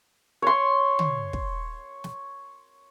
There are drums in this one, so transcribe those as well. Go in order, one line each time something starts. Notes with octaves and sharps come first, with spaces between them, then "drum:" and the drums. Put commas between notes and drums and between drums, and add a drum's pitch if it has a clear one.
C#5 C6
drum: tom
drum: kick
drum: snare